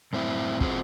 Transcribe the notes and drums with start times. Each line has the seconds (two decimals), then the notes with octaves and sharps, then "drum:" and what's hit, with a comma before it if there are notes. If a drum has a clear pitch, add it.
0.13 F#2 A2 C4 E4
0.61 C4 F4 F#4 G#4 C5, drum: kick